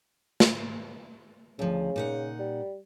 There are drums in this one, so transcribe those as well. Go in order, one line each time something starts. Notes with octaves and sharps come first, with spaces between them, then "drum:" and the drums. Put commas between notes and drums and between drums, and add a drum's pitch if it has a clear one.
drum: snare
D2 C#3 F3
A#2 D#4 F#5
G3